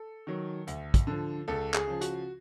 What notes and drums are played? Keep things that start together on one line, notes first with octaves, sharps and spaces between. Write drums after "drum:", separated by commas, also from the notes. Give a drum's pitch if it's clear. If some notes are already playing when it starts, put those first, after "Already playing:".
Already playing: A4
D#3 F#3
D2, drum: hi-hat
drum: kick, hi-hat
D3 F3
C#2 A4
G#4, drum: clap
C#3 F3
F#4, drum: hi-hat